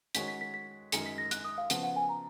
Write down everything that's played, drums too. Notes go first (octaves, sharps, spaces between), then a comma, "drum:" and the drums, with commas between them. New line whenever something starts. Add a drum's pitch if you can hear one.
D#3 G#3 C#4 F#4 C#5 B6, drum: hi-hat
B6
B6
B6
F#2 D#3 G#3 D#4 G#4 C#7, drum: hi-hat
B6
A#6
F#6, drum: hi-hat
D#6
F5
C#3 F3 B3 F#5, drum: hi-hat
F#5
G#5
A#5